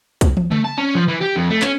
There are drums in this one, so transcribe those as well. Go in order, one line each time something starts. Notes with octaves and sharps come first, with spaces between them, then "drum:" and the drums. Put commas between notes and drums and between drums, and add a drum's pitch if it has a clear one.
drum: kick, hi-hat
drum: tom
A3, drum: tom C#3
A5
C#4
F3
E3
G4
F2
A3
C#4, drum: clap